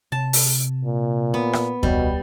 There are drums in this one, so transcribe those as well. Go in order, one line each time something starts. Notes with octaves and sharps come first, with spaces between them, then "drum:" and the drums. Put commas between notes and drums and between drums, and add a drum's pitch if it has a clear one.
C3 A5
drum: open hi-hat
A#2
B3
drum: rim click
C#2 B2 G3, drum: kick E2